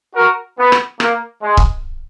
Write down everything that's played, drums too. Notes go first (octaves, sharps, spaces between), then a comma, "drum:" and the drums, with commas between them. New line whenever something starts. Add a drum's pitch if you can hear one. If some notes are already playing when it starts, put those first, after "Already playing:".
F#4 A#4
B3
drum: rim click
A#3, drum: rim click
G#3
drum: kick C#1